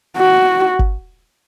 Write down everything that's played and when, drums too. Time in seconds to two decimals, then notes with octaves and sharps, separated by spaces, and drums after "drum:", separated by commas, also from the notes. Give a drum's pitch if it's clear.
0.18 F#4
0.79 drum: kick G#1